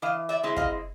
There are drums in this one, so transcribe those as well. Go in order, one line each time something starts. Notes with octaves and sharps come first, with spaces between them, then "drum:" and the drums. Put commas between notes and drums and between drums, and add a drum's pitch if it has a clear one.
E3 D#5 F5
D5 E5
G#3 C4 E4
D#5 F5, drum: kick